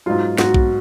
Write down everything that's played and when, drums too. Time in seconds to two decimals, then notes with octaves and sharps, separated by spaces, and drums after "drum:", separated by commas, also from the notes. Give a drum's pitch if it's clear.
0.06 G#2 F#3 F4
0.38 G#2 F#3 F#4, drum: snare
0.54 drum: kick B1